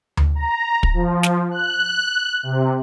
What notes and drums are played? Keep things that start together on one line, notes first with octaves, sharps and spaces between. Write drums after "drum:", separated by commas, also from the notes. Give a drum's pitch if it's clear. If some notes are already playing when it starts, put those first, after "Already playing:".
drum: tom D2
A#5
drum: kick
F3
drum: snare
F#6
C3